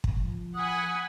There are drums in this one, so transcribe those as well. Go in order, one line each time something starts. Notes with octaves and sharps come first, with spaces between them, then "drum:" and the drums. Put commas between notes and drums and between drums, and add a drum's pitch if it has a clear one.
drum: kick
F3
F#5 G#5 B5 D#6